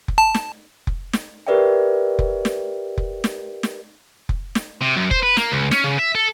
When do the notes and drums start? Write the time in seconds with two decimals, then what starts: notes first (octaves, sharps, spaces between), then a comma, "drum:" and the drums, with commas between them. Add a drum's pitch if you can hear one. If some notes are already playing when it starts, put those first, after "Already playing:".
0.08 drum: kick F1
0.18 A5
0.35 drum: snare
0.87 drum: kick F1
1.13 drum: snare
1.47 G4 A#4 B4 D5 E5 G5
2.19 drum: kick F1
2.45 drum: snare
2.98 drum: kick F1
3.24 drum: snare
3.63 drum: snare
4.29 drum: kick F1
4.55 drum: snare
4.82 C3
4.96 F#2
5.11 C5, drum: kick F1
5.23 B4
5.37 A#3, drum: snare
5.52 C#2
5.71 C#4, drum: snare
5.84 C#3
5.99 E5
6.15 A4